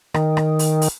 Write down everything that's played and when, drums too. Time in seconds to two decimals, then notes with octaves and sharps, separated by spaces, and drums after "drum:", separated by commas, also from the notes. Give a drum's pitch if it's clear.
0.14 D#3, drum: rim click
0.37 drum: rim click
0.59 drum: open hi-hat
0.82 drum: open hi-hat